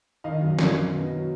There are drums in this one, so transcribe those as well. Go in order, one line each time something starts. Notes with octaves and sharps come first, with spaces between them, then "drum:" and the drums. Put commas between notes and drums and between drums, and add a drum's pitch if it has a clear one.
D#3 D#5 F5
F#2
F#2, drum: snare
D#3
B2
F#3